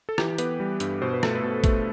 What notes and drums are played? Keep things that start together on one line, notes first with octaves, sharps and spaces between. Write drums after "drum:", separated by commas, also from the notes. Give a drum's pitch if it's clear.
A4
E3 G4, drum: rim click
B3 B4, drum: hi-hat
G3
G2, drum: hi-hat
B2 C5
B4
A3 A4, drum: rim click
B4
B2
A3, drum: kick, hi-hat